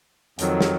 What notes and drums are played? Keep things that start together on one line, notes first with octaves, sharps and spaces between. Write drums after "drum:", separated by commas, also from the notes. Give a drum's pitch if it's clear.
F2 D#3 F#3, drum: hi-hat
drum: snare